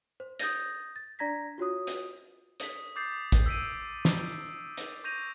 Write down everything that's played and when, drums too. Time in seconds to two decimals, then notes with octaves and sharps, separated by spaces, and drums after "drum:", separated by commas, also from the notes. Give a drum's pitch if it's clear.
0.20 C5
0.40 D#6 G6 A6 A#6, drum: hi-hat
0.96 A6
1.19 D4 D5 A#5 G#6 A#6 B6
1.58 F4 F#4 C#5 D#6
1.87 drum: hi-hat
2.60 D#6 B6, drum: hi-hat
2.96 D6 D#6 G6 A6 C7
3.32 drum: kick A1, hi-hat
3.46 E6 B6 D7 D#7
4.05 drum: snare
4.78 drum: hi-hat
5.04 C#6 G6 A#6 D#7 F7